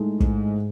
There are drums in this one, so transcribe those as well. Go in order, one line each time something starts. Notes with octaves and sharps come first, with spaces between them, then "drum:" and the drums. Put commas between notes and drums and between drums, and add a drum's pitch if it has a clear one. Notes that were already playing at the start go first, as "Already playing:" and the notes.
Already playing: A2 G#3 D#4 A4
G#2, drum: kick